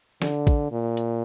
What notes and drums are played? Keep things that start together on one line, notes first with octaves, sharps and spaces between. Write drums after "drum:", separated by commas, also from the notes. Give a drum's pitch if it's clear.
D3, drum: snare
drum: kick A1, hi-hat
A#2
drum: hi-hat